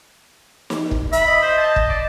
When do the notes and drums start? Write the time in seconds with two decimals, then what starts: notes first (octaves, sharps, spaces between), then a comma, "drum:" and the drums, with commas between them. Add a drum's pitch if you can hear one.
0.70 drum: snare
0.91 drum: kick
1.12 E5 B5, drum: hi-hat
1.27 D#5
1.42 C5
1.58 A5
1.76 drum: kick
1.89 D5